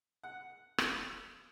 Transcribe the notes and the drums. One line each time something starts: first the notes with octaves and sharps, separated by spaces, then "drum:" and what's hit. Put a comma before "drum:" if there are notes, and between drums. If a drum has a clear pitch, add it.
F#5
drum: rim click